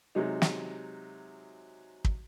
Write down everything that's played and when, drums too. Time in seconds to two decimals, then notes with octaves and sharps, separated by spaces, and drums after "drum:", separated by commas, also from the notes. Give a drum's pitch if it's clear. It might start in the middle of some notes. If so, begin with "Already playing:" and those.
0.15 C3 F#3 G#3 D#4
0.42 drum: snare
2.05 drum: kick